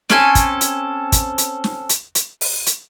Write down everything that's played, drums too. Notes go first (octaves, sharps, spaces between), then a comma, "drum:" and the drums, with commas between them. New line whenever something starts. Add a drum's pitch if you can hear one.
C4 C#4 A4 G#5, drum: snare
drum: kick, hi-hat
drum: hi-hat
drum: kick, hi-hat
drum: hi-hat
drum: snare
drum: hi-hat
drum: hi-hat
drum: open hi-hat
drum: hi-hat